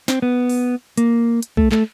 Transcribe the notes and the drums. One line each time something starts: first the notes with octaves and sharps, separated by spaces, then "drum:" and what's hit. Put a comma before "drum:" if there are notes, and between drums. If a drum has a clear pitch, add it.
C4, drum: snare
B3
drum: open hi-hat
A#3, drum: hi-hat
drum: hi-hat
A3, drum: kick B1
A3, drum: clap